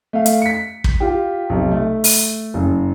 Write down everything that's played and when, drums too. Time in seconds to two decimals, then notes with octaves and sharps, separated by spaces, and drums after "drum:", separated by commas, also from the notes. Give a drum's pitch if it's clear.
0.13 A3 F5
0.26 drum: hi-hat
0.42 B6 C#7
0.84 drum: kick
1.00 F4 G4
1.49 B1 C3
1.71 A3
2.04 drum: open hi-hat
2.54 F#1